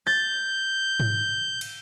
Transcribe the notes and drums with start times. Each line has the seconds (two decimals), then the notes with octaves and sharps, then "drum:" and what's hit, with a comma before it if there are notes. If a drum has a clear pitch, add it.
0.07 G6 A6
1.00 drum: tom G#2
1.61 drum: cymbal